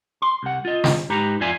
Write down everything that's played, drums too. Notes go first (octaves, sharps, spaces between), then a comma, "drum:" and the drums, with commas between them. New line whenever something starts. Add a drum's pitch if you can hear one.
C6
C2 F#5
F4 D#5
drum: snare
G#2 D#4 G4 B4 A#5
F2 F4 D5 E5 G#5